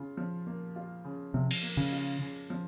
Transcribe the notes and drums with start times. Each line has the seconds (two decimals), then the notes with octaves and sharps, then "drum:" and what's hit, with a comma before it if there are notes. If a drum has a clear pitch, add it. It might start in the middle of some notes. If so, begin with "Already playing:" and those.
Already playing: C#3 F4
0.17 F3
0.47 A#3
0.76 F4
1.05 C#3
1.34 C3 F3
1.51 drum: cymbal
1.63 A#3
1.77 C#3
1.92 F4
2.21 C#3
2.50 F3